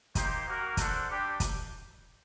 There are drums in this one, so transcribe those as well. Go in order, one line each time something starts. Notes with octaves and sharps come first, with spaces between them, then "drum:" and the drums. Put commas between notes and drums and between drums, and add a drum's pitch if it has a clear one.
A#3 D#4 G4 C5, drum: kick, hi-hat
A#3 F#4 A#4
D4 A4 C5 F#5, drum: kick, hi-hat
G3 D4 G4
drum: kick, hi-hat